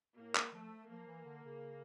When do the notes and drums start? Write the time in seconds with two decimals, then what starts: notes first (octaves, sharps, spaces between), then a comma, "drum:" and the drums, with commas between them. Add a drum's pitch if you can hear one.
0.17 A2 A#3
0.35 D#3, drum: clap
0.53 F3 A3
0.89 F3 A#3
1.07 E3
1.25 D3
1.44 C#3